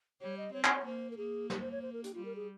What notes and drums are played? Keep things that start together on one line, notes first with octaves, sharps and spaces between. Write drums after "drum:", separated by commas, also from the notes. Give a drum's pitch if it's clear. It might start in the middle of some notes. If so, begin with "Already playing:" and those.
G3 C#5
D#5
C4 C#5
C#5, drum: clap
C#5
A#3 C5
A#4
A#3 G#4
G4, drum: snare
C5
C#5
C5
A#4
G4, drum: hi-hat
G3 F4
A#4
G#4